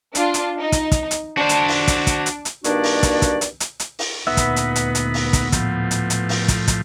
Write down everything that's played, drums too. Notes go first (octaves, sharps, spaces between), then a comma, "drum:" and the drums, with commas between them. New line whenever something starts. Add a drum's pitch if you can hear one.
D4 F4, drum: hi-hat
drum: hi-hat
D#4
drum: kick, hi-hat
drum: kick, hi-hat
drum: hi-hat
D4 F#4 C5
drum: hi-hat
drum: open hi-hat
drum: kick, hi-hat
drum: kick, hi-hat
drum: hi-hat
drum: hi-hat
G2 D#3 A#3 D4 F#4 D5, drum: hi-hat
drum: open hi-hat
drum: kick, hi-hat
drum: kick, hi-hat
drum: hi-hat
drum: hi-hat
drum: hi-hat
drum: open hi-hat
D2 A#2 B3 D#4 B4 E5
drum: kick, hi-hat
drum: hi-hat
drum: hi-hat
drum: hi-hat
drum: open hi-hat
drum: kick, hi-hat
A2 F3, drum: kick, hi-hat
drum: hi-hat
drum: hi-hat
drum: open hi-hat
drum: kick, hi-hat
drum: kick, hi-hat